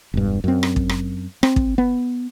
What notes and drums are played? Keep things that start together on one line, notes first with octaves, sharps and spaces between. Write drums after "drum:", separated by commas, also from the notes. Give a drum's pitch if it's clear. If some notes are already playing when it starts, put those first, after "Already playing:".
E1 G2
F#2 C4
drum: rim click
drum: kick
drum: rim click
C4, drum: rim click
drum: kick
B3